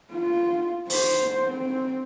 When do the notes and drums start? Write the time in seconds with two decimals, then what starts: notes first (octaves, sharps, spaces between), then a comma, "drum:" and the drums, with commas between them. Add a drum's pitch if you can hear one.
0.13 F4
0.90 C5, drum: open hi-hat
1.51 C4